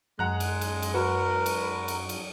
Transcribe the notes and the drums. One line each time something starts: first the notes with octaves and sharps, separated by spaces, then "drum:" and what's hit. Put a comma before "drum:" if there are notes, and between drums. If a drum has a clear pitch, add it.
F#2 G#3 F#5 A#5 F#6
drum: cymbal
drum: cymbal
drum: cymbal
G#3 F#4 A#4 B4
drum: cymbal
drum: cymbal
drum: cymbal